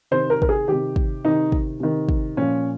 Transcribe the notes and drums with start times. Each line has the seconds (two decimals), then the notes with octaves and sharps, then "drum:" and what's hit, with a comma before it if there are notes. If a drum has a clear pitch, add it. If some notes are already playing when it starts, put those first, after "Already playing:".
0.11 C3 D#3 C5
0.30 A#4
0.42 A#4, drum: kick
0.49 G#4
0.68 C3 D#3 G4
0.96 drum: kick
1.25 C3 D#3 D#4
1.52 drum: kick
1.80 C3 D#3
2.09 drum: kick
2.37 A#2 F3 C#4